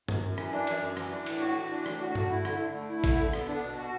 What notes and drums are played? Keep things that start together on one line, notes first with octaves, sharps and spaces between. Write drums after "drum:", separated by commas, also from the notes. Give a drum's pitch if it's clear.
F#2, drum: tom G2
F#2
E3, drum: rim click
D4
F#2, drum: cymbal
F#2
E3, drum: rim click
D4
A2, drum: cymbal
F#4
E3
D4
A2, drum: rim click
F#4
A3, drum: tom G2
E4
D3, drum: rim click
D3
A3
E4
D3, drum: kick A1, cymbal
D3
B3, drum: rim click
D4
B2
F#4